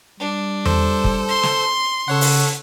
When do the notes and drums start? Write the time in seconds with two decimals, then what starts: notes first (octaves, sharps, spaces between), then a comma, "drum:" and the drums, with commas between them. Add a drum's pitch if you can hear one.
0.20 G3 D4
0.65 A4 C5, drum: tom E2
1.04 drum: kick
1.29 C6
1.43 drum: snare
2.08 C#3 A4 C#5 F#5
2.21 drum: open hi-hat